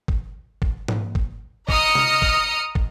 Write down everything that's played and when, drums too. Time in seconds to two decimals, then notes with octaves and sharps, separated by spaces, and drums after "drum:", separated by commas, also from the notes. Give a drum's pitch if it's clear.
0.08 drum: kick
0.62 drum: kick
0.88 drum: tom G#2
1.15 drum: kick
1.69 D#5 A#5 D#6 F6 C#7, drum: kick
1.95 drum: tom C3
2.22 drum: kick
2.75 drum: kick